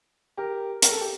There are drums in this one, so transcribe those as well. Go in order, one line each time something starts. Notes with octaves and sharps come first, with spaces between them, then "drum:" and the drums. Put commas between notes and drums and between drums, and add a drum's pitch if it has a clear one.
G4 A#4
A#4, drum: hi-hat
A4
G4